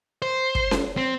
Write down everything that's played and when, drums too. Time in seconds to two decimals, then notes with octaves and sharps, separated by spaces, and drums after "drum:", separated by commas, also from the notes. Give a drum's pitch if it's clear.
0.22 C5
0.55 drum: kick
0.71 drum: snare C#4
0.97 C4